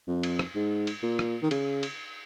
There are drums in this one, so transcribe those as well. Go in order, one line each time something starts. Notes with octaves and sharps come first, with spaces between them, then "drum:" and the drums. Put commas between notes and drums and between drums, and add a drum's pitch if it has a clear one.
F2
drum: cymbal
drum: rim click
G#2
drum: cymbal
A#2
drum: rim click
D#3
C#3, drum: cymbal
drum: cymbal